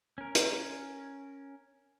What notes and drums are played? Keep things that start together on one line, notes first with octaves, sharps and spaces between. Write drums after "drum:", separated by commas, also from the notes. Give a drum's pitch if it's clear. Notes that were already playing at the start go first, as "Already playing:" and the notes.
C#4 A#4
drum: hi-hat